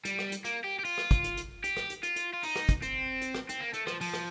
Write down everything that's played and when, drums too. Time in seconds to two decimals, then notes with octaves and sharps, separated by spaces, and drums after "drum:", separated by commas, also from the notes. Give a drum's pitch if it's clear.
0.05 G3, drum: hi-hat
0.19 drum: rim click
0.32 drum: hi-hat
0.45 A#3, drum: hi-hat
0.64 G4
0.79 G4
0.85 F4, drum: open hi-hat
0.98 drum: rim click
1.11 drum: kick, hi-hat
1.24 drum: hi-hat
1.37 drum: hi-hat
1.64 G4, drum: hi-hat
1.77 drum: rim click
1.90 drum: hi-hat
2.03 F4, drum: hi-hat
2.16 drum: hi-hat
2.33 F4
2.43 D#4, drum: open hi-hat
2.56 drum: rim click
2.69 drum: kick, hi-hat
2.82 C4, drum: hi-hat
3.21 drum: hi-hat
3.35 drum: rim click
3.49 C4, drum: hi-hat
3.60 A#3
3.73 A3, drum: hi-hat
3.87 F3, drum: rim click
4.01 F3, drum: open hi-hat
4.13 drum: rim click